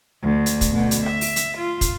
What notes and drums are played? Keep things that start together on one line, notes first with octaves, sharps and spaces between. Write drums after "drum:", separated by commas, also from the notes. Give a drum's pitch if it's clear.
D2
drum: hi-hat
drum: kick, hi-hat
D2 B2
drum: hi-hat
E5, drum: rim click
drum: open hi-hat
drum: hi-hat
F4
drum: kick, hi-hat